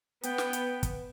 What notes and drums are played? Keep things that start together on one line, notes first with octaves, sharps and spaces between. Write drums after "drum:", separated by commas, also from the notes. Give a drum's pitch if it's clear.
B3 G5, drum: hi-hat
drum: snare
drum: hi-hat
drum: kick, hi-hat